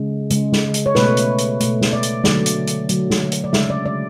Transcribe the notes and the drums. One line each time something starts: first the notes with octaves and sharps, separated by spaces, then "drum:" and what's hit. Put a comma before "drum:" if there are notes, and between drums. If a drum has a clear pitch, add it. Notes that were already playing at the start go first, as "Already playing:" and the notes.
Already playing: C#3 G#3
C#3 G#3, drum: hi-hat
drum: snare
drum: hi-hat
C#5
B2 A3 B4, drum: snare
drum: hi-hat
drum: hi-hat
B2 A3, drum: hi-hat
drum: snare
D5
drum: hi-hat
D3 F#3 A3 D5, drum: snare
drum: hi-hat
drum: hi-hat
D3 F#3 A3, drum: hi-hat
drum: snare
drum: hi-hat
D5
C#3 G#3 E5, drum: snare
D5
D5